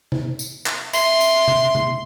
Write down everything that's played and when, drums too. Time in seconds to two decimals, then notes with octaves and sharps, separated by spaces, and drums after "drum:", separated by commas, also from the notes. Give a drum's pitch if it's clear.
0.12 drum: tom C3
0.39 drum: tambourine
0.66 drum: clap
0.93 E5 C6, drum: tambourine
1.21 drum: tambourine
1.48 drum: tom C3
1.75 drum: tom C3